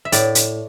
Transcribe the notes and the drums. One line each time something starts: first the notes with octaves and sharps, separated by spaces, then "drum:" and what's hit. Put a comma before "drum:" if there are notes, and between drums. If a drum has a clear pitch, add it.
E5
A2 D5, drum: hi-hat
drum: hi-hat